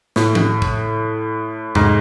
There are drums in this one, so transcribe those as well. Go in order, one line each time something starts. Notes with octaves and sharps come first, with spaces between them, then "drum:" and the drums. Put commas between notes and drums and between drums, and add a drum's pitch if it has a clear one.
A2, drum: snare
drum: tom E3
drum: kick
G#2, drum: tom